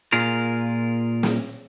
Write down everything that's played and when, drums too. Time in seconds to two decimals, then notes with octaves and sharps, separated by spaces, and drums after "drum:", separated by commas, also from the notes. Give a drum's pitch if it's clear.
0.12 A#2 F4 G#4 A#4
1.23 drum: snare